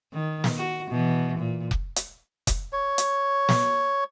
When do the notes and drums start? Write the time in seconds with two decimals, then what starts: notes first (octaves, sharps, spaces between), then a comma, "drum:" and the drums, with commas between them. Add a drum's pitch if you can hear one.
0.13 D#3
0.44 drum: snare
0.58 F#4
0.90 B2 E3
1.39 A#2
1.71 drum: kick F1
1.96 drum: hi-hat
2.47 drum: kick F1, hi-hat
2.73 C#5
2.98 drum: hi-hat
3.49 drum: snare